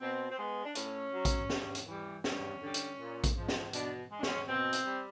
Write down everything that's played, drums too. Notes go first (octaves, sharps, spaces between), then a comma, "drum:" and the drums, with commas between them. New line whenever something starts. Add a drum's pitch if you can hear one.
B2 C4
C4
G#3 B3
D4
A2 C#4, drum: hi-hat
F#3
drum: kick A#1, hi-hat
G2, drum: snare
drum: hi-hat
E3 G3
G2 C#4, drum: snare
D3 G3
drum: hi-hat
A#2
drum: kick A#1, hi-hat
F3 G#3
drum: snare
B2 D4, drum: hi-hat
G#3
D4
C#4, drum: snare
B2 C4
drum: hi-hat
G3